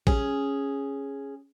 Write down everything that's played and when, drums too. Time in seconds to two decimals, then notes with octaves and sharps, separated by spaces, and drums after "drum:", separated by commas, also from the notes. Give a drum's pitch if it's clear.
0.07 C#4 G#4, drum: kick A1